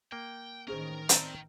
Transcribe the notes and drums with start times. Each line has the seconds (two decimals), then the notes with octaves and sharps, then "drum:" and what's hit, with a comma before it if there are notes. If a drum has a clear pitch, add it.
0.12 A#3 G5
0.67 A1 D#3 C#4 G#4 A#4 C5
1.09 C4 A#4 D5 G5 A5 A#5, drum: hi-hat